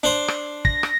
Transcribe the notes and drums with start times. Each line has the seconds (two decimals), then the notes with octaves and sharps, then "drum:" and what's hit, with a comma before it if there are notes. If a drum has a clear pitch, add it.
0.03 D4 C5
0.28 drum: rim click
0.65 A#6, drum: kick
0.83 drum: rim click